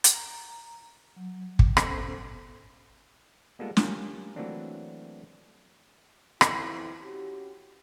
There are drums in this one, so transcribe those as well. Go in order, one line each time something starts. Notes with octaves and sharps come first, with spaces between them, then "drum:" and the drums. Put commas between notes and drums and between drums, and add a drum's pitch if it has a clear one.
drum: hi-hat
A#5
F#3
drum: kick
B3 C#4 A4 C5, drum: rim click
G3 G#3 A#3 B3 F4 A4
C#4 F4 G4 A#4, drum: snare
E3 F#3 A3 A#3 C4 D4
F2 E3 E4, drum: rim click
C#4 F#4 G4